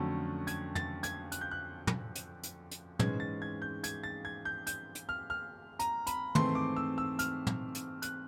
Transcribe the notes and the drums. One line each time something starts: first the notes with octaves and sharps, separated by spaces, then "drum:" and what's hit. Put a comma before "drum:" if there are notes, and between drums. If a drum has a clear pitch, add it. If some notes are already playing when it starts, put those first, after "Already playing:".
Already playing: F2 D3 F#3 A3 C#4
G#6, drum: hi-hat
A6, drum: tom
G#6, drum: hi-hat
F#6, drum: hi-hat
G6
F#6
drum: tom
drum: hi-hat
drum: hi-hat
drum: hi-hat
G#2 E3 G#3 C#4 G#6, drum: tom
A6
G#6
G6
G#6, drum: hi-hat
A6
G#6
G6
G6, drum: hi-hat
drum: hi-hat
F6
F6
A#5, drum: hi-hat
B5, drum: hi-hat
G#2 E3 A3 C4 C6, drum: tom
D6
E6
E6
F6, drum: hi-hat
drum: tom
drum: hi-hat
F#6, drum: hi-hat